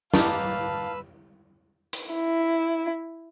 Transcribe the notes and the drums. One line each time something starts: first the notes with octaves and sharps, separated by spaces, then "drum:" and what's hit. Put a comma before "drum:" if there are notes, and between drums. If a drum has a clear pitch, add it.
A#3 D#4 G4 B4 F5 A5 E6, drum: snare
drum: hi-hat
E4